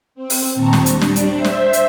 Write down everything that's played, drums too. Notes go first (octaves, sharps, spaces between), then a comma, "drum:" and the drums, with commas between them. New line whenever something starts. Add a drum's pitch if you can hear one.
C4
drum: open hi-hat
D#2 A#2 C4 A5 A#5 C#6
drum: snare
G3 D4, drum: hi-hat
drum: snare
drum: hi-hat
C5 E5
drum: snare
drum: hi-hat